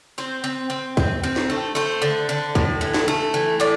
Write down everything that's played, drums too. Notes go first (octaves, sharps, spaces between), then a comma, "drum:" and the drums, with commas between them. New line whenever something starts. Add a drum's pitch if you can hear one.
C4 C5
C4
C4
C4, drum: kick
C4
drum: snare
A3
A3 C5
D3
D3
A2, drum: kick
E3
drum: snare
A3
E3
A2 D5